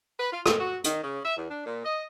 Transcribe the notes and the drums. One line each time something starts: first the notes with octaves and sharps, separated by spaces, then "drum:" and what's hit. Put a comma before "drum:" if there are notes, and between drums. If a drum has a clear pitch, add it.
B4
F4
D#3, drum: rim click
F#4
D#3, drum: hi-hat
C#3
E5
E2
D4
A#2
D#5